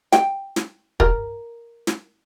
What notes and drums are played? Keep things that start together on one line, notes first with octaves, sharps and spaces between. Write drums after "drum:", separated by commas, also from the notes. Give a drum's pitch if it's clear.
G5, drum: snare
drum: snare
A#4, drum: kick
drum: snare